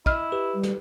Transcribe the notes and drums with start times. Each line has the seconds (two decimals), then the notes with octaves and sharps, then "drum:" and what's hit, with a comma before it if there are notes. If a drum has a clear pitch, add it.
0.06 E4 D#5 F6, drum: kick
0.32 G4 B4
0.54 G3
0.63 drum: snare